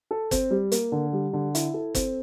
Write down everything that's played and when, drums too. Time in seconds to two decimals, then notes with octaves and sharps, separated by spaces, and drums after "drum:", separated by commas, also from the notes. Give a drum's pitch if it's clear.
0.11 A4
0.31 C4, drum: kick, hi-hat
0.51 G3
0.72 A#3, drum: hi-hat
0.92 D3
1.13 G3
1.33 D3
1.55 E4, drum: hi-hat
1.74 A4
1.95 C4, drum: kick, hi-hat